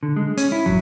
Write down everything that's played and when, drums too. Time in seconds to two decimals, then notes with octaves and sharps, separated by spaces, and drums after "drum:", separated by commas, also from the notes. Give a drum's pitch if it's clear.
0.03 D3
0.16 G#3
0.37 C#4, drum: hi-hat
0.52 E4
0.66 F#3, drum: tom